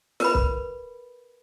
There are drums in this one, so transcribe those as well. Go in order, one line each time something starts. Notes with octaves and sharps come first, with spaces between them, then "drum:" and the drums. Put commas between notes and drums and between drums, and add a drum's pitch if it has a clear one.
A#4 B4 B5, drum: snare
drum: kick